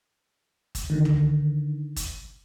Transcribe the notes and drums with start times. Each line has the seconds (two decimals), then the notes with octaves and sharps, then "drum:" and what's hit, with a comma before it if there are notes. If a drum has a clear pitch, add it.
0.75 drum: kick, hi-hat
0.90 D3 D#3
1.05 drum: tom
1.96 drum: kick, hi-hat